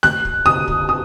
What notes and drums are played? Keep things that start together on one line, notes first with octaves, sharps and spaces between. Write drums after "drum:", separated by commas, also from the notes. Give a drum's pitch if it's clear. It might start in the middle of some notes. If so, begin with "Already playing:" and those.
F#6, drum: snare A3
drum: kick
D#6
drum: kick
D#6